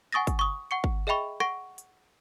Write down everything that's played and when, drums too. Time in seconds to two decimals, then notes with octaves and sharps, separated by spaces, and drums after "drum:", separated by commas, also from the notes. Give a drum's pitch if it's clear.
0.12 F#5 G#5 C#6 D#6 A6 A#6
0.27 drum: kick, hi-hat
0.39 C#6 D#6
0.71 F#5 C#6 C#7
0.84 drum: kick
1.07 G#4 D#5 E5 G5 B5 C#6
1.40 F#5 C#6 A#6 D7, drum: rim click
1.78 drum: hi-hat